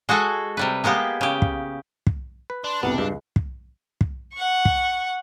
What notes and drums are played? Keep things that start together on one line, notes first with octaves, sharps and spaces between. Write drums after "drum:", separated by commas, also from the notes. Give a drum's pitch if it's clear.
G#3 F#4 G#4 A4
C3 G3 B4
G#3 A#3 B3 G4
C#3 G4
drum: kick
drum: kick
B4
D4 C6
C2 F2 B2 B3 F#5
C#2 G2 F5
drum: kick
drum: kick
F#5 C#6
drum: kick